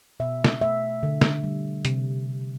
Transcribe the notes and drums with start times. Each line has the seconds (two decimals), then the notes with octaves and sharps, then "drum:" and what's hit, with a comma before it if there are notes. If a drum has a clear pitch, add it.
0.20 B2 E5
0.44 drum: snare
0.61 A3 E5
1.03 D3
1.21 drum: snare
1.44 G3
1.85 C3, drum: hi-hat